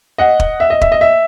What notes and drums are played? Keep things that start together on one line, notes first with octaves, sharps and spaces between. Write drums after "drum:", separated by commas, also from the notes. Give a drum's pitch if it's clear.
D#5 F#5
drum: kick
E5
D#5
E5, drum: kick
D#5
E5